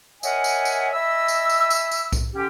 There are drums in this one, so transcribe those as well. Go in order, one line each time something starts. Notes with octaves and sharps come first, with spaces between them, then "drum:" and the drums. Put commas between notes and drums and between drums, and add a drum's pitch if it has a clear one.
A#4 C#5 D#5 E5 F#5 G#5, drum: tambourine
drum: tambourine
drum: tambourine
D#5 E5 G#5 B5 E6
drum: tambourine
drum: tambourine
drum: tambourine
drum: tambourine
drum: kick B1, tambourine
D3 C#4 G4